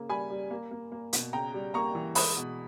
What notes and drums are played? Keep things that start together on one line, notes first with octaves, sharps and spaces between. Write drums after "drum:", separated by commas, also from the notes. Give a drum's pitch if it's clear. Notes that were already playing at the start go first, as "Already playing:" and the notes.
Already playing: C#3 A#3
G3 G#5 B5
G3
A#3
A#3
A#3
B2, drum: hi-hat
C#3 G5 A#5
G3
A#3 A#5 C#6
E3
G#3 B5 D#6, drum: open hi-hat
B2